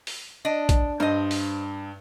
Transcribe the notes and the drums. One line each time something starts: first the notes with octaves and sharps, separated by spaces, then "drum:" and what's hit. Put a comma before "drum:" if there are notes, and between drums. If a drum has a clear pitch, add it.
drum: open hi-hat
D4 D#5
drum: kick, hi-hat
G2 C5 D#5
drum: open hi-hat